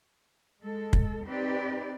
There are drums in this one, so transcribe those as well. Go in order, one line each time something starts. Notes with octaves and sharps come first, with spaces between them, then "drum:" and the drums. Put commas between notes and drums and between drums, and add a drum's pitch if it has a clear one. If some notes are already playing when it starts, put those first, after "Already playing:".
G#3 A4
drum: kick
C4 D#4 G4 B4 D5